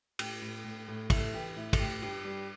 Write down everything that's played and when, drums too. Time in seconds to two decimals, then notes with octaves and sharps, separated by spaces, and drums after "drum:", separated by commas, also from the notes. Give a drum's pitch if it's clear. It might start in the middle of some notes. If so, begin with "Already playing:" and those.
0.19 A2 G4, drum: cymbal
0.42 A2
0.64 A2
0.88 A2
1.10 A2 E4 A4, drum: kick, cymbal
1.34 E3 G4
1.56 A2 E4
1.73 A4, drum: kick, cymbal
1.79 A2 G4
2.02 G2 G4
2.24 G3